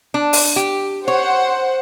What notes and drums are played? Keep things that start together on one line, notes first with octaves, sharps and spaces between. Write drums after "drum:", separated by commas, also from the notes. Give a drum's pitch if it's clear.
D4
drum: open hi-hat
G4
C5 C#5 F#5